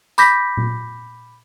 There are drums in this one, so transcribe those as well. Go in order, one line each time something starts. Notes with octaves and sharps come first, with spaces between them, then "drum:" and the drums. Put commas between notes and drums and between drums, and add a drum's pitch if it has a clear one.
B5 D6 G6 A#6 B6, drum: tambourine
drum: tom A#2